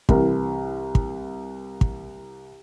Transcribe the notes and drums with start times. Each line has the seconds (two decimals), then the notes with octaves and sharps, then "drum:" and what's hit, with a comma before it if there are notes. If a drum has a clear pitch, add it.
0.09 C2 E3 A#4, drum: kick
0.95 drum: kick
1.81 drum: kick